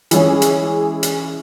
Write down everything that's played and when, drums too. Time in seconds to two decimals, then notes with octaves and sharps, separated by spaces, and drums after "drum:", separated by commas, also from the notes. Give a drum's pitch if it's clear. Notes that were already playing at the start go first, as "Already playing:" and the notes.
0.11 E3 G#3 C#4 G#4, drum: hi-hat
0.42 drum: hi-hat
1.03 drum: hi-hat